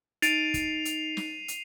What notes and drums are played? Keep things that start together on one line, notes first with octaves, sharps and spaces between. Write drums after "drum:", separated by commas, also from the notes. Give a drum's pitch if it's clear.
D#4 A6 C7 D7 D#7 F7, drum: hi-hat
drum: kick, hi-hat
drum: hi-hat
drum: snare
drum: hi-hat